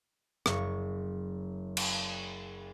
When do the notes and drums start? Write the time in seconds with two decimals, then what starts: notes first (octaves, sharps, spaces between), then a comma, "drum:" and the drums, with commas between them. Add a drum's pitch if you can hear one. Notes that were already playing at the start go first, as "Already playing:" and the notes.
0.46 F#1 C#6, drum: rim click
1.77 drum: cymbal